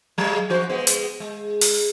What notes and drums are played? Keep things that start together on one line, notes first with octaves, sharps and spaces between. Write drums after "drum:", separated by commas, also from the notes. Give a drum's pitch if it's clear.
F#3 G#3
F3 F#4 C5
G#3 B3
drum: hi-hat
G#3
drum: open hi-hat